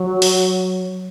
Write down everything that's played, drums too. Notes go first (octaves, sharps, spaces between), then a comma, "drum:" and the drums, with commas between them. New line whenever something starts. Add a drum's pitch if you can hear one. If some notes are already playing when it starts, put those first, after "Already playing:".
Already playing: F#3
drum: open hi-hat